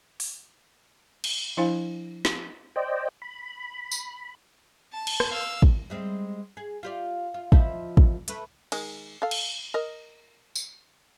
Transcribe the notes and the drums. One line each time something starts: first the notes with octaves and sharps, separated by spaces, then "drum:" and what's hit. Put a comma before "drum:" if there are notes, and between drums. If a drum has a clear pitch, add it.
drum: open hi-hat
drum: cymbal
F3 D4 E4 C5 F5 G#5
drum: snare
C5 D5 D#5 G5
B5
drum: tambourine
A5
drum: cymbal
drum: rim click
F5 E6
drum: kick
G3 G#3 C4
G#4
F4 G4 D5
F4
F3 D#4 E4, drum: kick
drum: kick
A3 B4, drum: hi-hat
D#3 G#3, drum: cymbal
A4 F5
drum: cymbal
A#4 D#5
drum: tambourine